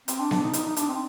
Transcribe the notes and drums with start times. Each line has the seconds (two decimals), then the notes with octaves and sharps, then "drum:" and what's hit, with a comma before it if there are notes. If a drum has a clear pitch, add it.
0.08 C4, drum: hi-hat
0.19 D4
0.31 D4, drum: snare B3
0.43 D#4
0.53 D#4, drum: hi-hat
0.65 D#4
0.76 D4, drum: hi-hat
0.88 C4